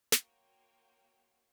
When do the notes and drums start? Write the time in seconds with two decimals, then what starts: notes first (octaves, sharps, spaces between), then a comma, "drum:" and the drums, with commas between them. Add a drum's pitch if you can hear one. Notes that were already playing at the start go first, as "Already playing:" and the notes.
0.12 A#3 F#4 C#5 F5 G5 C6, drum: snare